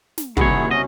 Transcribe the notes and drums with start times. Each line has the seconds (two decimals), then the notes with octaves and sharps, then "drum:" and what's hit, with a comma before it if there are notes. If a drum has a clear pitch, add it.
0.18 drum: snare
0.37 F#1 C2 D#3 E4 F#4 G#4 C#5, drum: kick
0.71 C#4 D#5